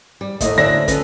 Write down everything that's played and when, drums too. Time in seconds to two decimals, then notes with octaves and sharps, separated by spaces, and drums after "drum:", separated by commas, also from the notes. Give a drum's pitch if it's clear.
0.21 G3
0.41 D#2 A2 A3 A#3 D#5 E5, drum: kick, hi-hat
0.58 F#2 D3 F#3 D4 C5 E5 A#6
0.88 B3 C#4 F4 A4 B4, drum: kick, hi-hat